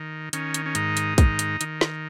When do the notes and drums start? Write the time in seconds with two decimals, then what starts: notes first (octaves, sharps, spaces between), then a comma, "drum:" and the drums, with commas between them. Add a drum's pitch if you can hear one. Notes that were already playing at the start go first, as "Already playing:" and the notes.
Already playing: D#3
0.33 D#3 C#4, drum: hi-hat
0.54 drum: hi-hat
0.66 C#4
0.75 G#2 D#4, drum: hi-hat
0.97 drum: hi-hat
1.18 D#3, drum: kick, hi-hat
1.39 drum: hi-hat
1.61 D#3, drum: hi-hat
1.81 drum: snare